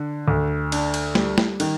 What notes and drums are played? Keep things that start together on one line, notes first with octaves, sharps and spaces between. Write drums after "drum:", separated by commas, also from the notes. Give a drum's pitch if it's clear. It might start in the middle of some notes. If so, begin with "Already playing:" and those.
Already playing: D3
D2
D4, drum: cymbal
drum: cymbal
G3, drum: snare
drum: snare
D#3, drum: cymbal